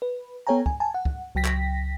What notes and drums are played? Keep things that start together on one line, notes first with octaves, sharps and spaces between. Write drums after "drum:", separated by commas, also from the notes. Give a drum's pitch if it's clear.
B4
B3 A4 C#5 G5 G#5 A#5
G#5, drum: kick
G#5 A5
F#5
drum: kick
C#2 F#3 G5 A#6 B6
drum: clap